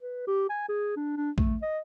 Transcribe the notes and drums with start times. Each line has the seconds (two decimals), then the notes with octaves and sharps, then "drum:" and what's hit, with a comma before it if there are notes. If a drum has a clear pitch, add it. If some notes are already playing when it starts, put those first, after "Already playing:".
0.02 B4
0.28 G4
0.50 G#5
0.69 G#4
0.96 D4
1.17 D4
1.38 A3, drum: kick
1.62 D#5